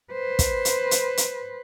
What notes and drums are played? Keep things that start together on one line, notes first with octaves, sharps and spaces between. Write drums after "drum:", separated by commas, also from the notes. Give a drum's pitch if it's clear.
B4 C5
drum: kick, hi-hat
drum: hi-hat
drum: hi-hat
drum: hi-hat